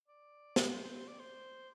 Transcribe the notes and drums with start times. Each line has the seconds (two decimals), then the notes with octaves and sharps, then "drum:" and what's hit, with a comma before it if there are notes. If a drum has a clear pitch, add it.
0.08 D5
0.56 drum: snare
0.72 C5
0.84 C5
0.96 C5
1.08 D5
1.20 C5